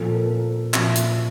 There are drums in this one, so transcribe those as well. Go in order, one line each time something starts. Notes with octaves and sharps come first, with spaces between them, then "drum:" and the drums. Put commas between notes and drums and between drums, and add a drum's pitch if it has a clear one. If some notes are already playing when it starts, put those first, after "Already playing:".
Already playing: A#2 F3 A4
A#4
A#2 F3 E5, drum: clap
drum: hi-hat